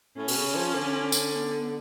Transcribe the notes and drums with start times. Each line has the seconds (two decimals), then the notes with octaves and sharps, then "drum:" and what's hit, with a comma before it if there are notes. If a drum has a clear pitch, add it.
0.17 A2 C#4
0.28 B2, drum: open hi-hat
0.36 C#3
0.56 F3
0.74 D3
1.12 drum: tambourine
1.32 B3